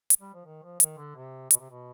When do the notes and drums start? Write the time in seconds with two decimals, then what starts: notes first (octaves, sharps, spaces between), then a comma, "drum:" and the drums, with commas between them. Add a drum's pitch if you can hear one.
0.10 drum: hi-hat
0.21 G3
0.34 F3
0.45 D#3
0.63 F3
0.80 D#3, drum: hi-hat
0.97 D3
1.16 C3
1.51 B2, drum: hi-hat
1.59 C3
1.70 B2